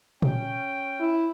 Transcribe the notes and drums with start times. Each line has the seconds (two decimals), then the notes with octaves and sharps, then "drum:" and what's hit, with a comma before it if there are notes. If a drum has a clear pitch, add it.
0.22 C#4 G5, drum: tom A#2
1.00 E4